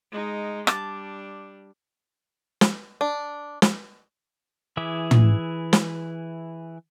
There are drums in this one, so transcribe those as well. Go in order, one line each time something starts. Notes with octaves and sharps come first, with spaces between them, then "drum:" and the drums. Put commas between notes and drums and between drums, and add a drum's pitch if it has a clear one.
G#3 D#4
G3 D4 A5 D6, drum: rim click
drum: snare
D4
drum: snare
E3 E4 G#4 E5 D6
drum: tom
drum: snare